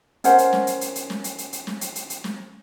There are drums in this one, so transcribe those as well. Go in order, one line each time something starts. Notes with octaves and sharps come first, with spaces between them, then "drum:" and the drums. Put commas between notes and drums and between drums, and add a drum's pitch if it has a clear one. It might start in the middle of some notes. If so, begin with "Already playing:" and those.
C#4 A#4 C5 F#5, drum: hi-hat
drum: hi-hat
drum: snare
drum: hi-hat
drum: hi-hat
drum: hi-hat
drum: snare
drum: hi-hat
drum: hi-hat
drum: hi-hat
drum: snare
drum: hi-hat
drum: hi-hat
drum: hi-hat
drum: snare